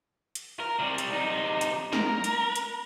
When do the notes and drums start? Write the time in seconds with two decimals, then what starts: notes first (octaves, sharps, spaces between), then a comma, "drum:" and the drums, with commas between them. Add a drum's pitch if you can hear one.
0.35 drum: hi-hat
0.60 A#4
0.79 C3 G3
0.98 drum: hi-hat
1.13 C3 D#4
1.61 drum: hi-hat
1.93 A#4, drum: snare
2.24 drum: hi-hat
2.56 drum: hi-hat